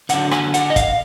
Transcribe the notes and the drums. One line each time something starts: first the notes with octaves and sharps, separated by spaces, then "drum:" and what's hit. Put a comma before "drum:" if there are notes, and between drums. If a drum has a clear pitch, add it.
D3 F#3 D4 F#5, drum: hi-hat
G#5, drum: rim click
F#5, drum: hi-hat
D#5
F5, drum: kick, hi-hat